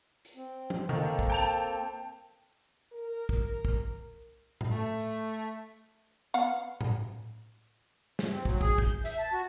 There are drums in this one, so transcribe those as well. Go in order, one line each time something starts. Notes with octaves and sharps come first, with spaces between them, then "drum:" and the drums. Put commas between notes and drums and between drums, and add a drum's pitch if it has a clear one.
drum: hi-hat
C4
drum: tom
D#3 A#3 C4 A4, drum: tom C3
drum: kick
G5 A5 F7
A#4
drum: kick
drum: kick
drum: tom A2
A3
drum: hi-hat
B3 F5 F#5
drum: tom A2
drum: snare
C4
F#3, drum: kick
G#4, drum: kick
G6, drum: kick
E5, drum: hi-hat
A5
F#4